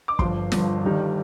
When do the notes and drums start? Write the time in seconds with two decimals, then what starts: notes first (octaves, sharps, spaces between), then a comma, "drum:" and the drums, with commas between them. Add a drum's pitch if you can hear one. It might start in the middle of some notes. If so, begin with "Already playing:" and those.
0.08 D6
0.19 G1 G2 F3 C6, drum: kick
0.52 G1 G2 F3, drum: snare
0.83 G1 G2 D#3 G3